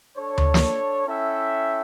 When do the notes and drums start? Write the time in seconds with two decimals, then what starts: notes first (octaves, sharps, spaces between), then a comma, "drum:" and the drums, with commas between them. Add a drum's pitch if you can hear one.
0.16 D4 A4 C#5
0.38 drum: tom D2
0.54 drum: snare
1.06 C#4 E4 A4 E5 G5